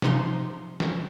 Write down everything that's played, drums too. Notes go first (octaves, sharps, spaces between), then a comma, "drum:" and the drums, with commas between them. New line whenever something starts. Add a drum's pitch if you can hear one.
C3 F3 D#4 C6, drum: snare
drum: snare